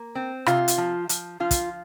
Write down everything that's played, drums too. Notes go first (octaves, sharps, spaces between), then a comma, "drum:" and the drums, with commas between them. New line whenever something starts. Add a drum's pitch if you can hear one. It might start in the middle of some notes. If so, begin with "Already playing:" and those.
Already playing: A#3
C4
C3 F4, drum: rim click
drum: hi-hat
F3
F3, drum: hi-hat
F3 F4
drum: kick, hi-hat